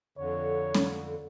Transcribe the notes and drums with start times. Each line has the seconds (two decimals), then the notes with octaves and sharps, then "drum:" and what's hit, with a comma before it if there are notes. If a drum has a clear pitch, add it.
0.18 F2 D3 C#5
0.74 drum: snare C#4